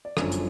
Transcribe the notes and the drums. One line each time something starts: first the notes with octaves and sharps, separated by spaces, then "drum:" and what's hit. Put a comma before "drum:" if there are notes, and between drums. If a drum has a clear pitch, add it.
D5
G1 F#2 D3 F3 C#5, drum: rim click
drum: hi-hat